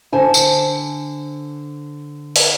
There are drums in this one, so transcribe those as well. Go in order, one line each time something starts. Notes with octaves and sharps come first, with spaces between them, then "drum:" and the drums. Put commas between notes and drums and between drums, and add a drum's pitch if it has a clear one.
D3 C5 G#5 A5
drum: tambourine
drum: open hi-hat